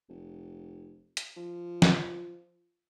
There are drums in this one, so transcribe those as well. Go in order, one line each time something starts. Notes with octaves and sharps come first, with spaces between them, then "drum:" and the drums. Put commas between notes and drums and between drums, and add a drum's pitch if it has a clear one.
F1
drum: hi-hat
F3
drum: snare